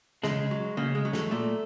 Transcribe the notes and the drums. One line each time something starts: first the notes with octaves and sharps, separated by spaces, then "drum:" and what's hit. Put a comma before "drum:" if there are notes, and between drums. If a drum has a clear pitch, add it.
C#3 G#3, drum: snare
F#3
C#3 A#3
G#3
F#3
A3, drum: snare
A#2 A3